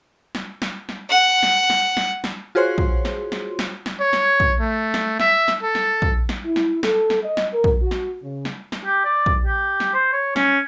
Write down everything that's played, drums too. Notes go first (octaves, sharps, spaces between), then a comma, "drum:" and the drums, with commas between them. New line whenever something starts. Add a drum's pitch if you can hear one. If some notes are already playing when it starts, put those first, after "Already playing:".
drum: snare
drum: snare
drum: snare
F#5
drum: snare
drum: snare
drum: snare
drum: snare
F4 F#4 G#4 C5 C#5 C6
drum: kick
drum: snare
drum: snare
drum: snare
drum: snare
C#5
drum: snare
drum: kick
A3
drum: snare
E5, drum: snare
drum: snare
A4
drum: snare
drum: kick
drum: snare
E4
drum: snare
A4, drum: snare
drum: snare
D#5
drum: snare
A#4
drum: kick
F#4
drum: snare
C#3
drum: snare
drum: snare
G4
D5
drum: kick
G4
drum: snare
C5
C#5
C#4, drum: snare